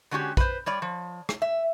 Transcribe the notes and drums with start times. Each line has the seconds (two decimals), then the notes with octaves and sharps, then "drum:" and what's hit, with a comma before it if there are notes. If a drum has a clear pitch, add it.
0.11 D3 G#3 C#4 F#4 G4
0.37 B4 C5, drum: kick A#1
0.66 G3 C#5 D5
0.82 F3
1.29 drum: rim click
1.42 E5